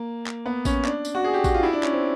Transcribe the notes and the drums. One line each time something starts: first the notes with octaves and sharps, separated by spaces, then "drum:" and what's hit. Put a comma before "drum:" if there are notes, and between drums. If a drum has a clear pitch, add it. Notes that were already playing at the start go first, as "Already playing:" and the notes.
Already playing: A#3
drum: clap
B3
C#4, drum: kick A1, tambourine
D4, drum: clap
drum: tambourine
F#4
G#4
G4
F#4, drum: kick A1, tambourine
F4
E4
D4
C#4, drum: clap
C4